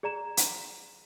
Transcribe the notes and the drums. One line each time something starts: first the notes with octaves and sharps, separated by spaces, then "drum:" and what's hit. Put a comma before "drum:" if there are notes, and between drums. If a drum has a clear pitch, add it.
G#4 D5 A#5 E7
drum: hi-hat